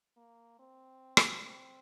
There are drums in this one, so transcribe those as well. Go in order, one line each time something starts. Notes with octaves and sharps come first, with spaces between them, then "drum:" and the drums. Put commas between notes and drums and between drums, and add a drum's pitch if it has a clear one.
A#3
C4
drum: rim click
C4